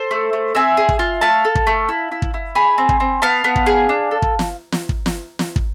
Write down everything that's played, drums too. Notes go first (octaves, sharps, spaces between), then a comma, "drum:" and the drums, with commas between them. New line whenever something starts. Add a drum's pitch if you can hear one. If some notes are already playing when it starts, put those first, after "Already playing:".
Already playing: A4 C5
A3
A3
C4 E5 G#5
G#4
drum: kick
F4
A3 F5 A5
A4
drum: kick
A3
E4
E4
drum: kick
E4
G#4 G#5 B5
C4
drum: kick
C4
B3 F5 A5
B3
drum: kick
G#4
D4
A4
drum: kick
drum: snare
drum: snare
drum: kick
drum: snare
drum: snare
drum: kick